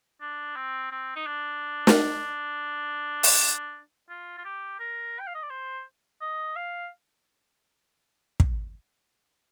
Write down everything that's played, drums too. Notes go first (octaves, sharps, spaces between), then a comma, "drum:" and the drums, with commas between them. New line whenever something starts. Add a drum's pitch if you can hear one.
D4
C4
C4
D#4
D4
drum: snare
drum: open hi-hat
F4
F4
G4
A#4
G5
F5
D#5
D5
C5
D#5
F5
drum: kick